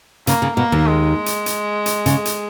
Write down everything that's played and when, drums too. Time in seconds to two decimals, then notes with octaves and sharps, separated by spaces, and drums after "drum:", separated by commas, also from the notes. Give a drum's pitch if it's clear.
0.27 C#3 A#3, drum: hi-hat
0.42 C#3
0.56 B2 A#3
0.72 D#2 D#3
0.87 G#3
1.26 drum: hi-hat
1.46 drum: hi-hat
1.86 drum: hi-hat
2.06 C#3, drum: hi-hat
2.25 drum: hi-hat